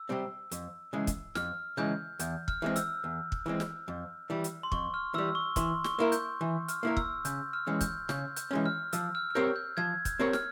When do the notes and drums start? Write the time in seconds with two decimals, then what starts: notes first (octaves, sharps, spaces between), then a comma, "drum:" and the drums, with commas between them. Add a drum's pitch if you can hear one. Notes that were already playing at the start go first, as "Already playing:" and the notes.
Already playing: E6
0.09 C3 G3 C4
0.52 F2, drum: hi-hat
0.93 C#3 E3 G#3
1.07 drum: kick, hi-hat
1.35 F2 F6, drum: snare
1.77 C#3 E3 G#3 G6
2.19 E2 G6, drum: hi-hat
2.48 F6, drum: kick
2.62 E3 G#3 C4
2.76 E6, drum: hi-hat
3.04 E2
3.32 drum: kick
3.46 E3 G#3 C4
3.60 drum: snare
3.88 F2
4.30 E3 G3
4.44 drum: hi-hat
4.63 C6
4.72 F2 C#6, drum: kick
4.94 F6
5.14 E3 G3 E6
5.35 C#6
5.56 E3 C6, drum: kick, hi-hat
5.84 C#6, drum: snare
5.99 A#3 E4 A#4
6.12 G6, drum: hi-hat
6.41 E3
6.68 F6, drum: hi-hat
6.83 A#3 E4 A#4
6.97 E6, drum: kick
7.25 C#3 G6, drum: hi-hat
7.53 F6
7.67 E3 G#3 C#4
7.81 G6, drum: kick, hi-hat
8.09 C#3 G6, drum: snare
8.36 G6, drum: hi-hat
8.51 E3 G#3 C#4
8.66 F6
8.93 F3 E6, drum: hi-hat
9.15 F6
9.30 F6
9.35 C4 G4 A#4 C#5 G6
9.56 G6
9.77 F3 G#6
10.05 G6, drum: kick, hi-hat
10.19 C4 G4 A#4 C#5
10.33 F6, drum: snare